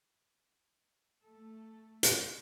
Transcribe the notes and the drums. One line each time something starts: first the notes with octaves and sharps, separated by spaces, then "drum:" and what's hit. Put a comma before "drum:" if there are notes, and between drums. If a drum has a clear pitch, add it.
A3 A4
drum: hi-hat